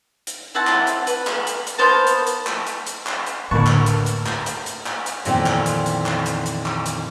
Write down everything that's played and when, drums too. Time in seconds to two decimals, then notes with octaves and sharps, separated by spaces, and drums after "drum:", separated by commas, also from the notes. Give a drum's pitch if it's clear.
0.27 drum: hi-hat
0.55 C4 E4 F#5 A5
0.67 drum: clap
0.87 drum: hi-hat
1.07 B4, drum: hi-hat
1.27 drum: clap
1.47 drum: hi-hat
1.67 drum: hi-hat
1.78 A#3 B3 C5 A5
2.07 drum: hi-hat
2.27 drum: hi-hat
2.47 drum: clap
2.67 drum: hi-hat
2.87 drum: hi-hat
3.06 drum: clap
3.26 drum: hi-hat
3.51 D2 A2 A#3 B4 A5 C#6
3.66 drum: clap
3.86 drum: hi-hat
4.06 drum: hi-hat
4.26 drum: clap
4.46 drum: hi-hat
4.66 drum: hi-hat
4.86 drum: clap
5.06 drum: hi-hat
5.25 F2 A#2 D#3 E3 B3 C4, drum: hi-hat
5.46 drum: clap
5.66 drum: hi-hat
5.86 drum: hi-hat
6.06 drum: clap
6.26 drum: hi-hat
6.46 drum: hi-hat
6.66 drum: clap
6.86 drum: hi-hat